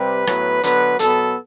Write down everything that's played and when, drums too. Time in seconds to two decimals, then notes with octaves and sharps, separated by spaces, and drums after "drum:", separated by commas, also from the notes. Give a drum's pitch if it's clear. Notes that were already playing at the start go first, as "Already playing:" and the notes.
Already playing: C3 G3 C4 B4
0.27 A2 F#3 B3, drum: rim click
0.63 D3 F#3 B3 B4, drum: hi-hat
0.99 B2 F#3 B3 A4, drum: hi-hat